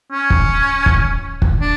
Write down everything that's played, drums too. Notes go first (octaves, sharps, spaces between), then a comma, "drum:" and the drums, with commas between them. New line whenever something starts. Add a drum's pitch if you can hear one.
C#4
drum: kick
drum: kick
drum: kick
D4